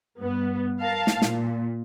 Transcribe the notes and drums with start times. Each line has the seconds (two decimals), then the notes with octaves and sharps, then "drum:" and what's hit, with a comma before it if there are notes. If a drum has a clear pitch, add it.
0.20 G2 B3
0.81 A#4 F5 A5
1.07 drum: snare
1.22 A#2, drum: snare